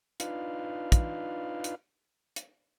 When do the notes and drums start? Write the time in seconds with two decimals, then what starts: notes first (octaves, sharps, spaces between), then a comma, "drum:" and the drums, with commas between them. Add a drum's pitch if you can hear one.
0.20 D4 D#4 F4 B4 F5, drum: hi-hat
0.92 drum: kick, hi-hat
1.64 drum: hi-hat
2.36 drum: hi-hat